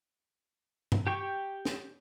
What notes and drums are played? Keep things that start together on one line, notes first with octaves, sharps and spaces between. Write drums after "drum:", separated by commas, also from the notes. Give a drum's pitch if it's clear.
drum: tom G2
G4 G5 C#6
drum: snare